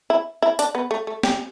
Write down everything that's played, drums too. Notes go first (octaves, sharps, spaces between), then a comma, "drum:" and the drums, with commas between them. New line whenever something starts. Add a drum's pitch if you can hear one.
E4
E4
D4, drum: hi-hat
B3
A3
A3
G4, drum: snare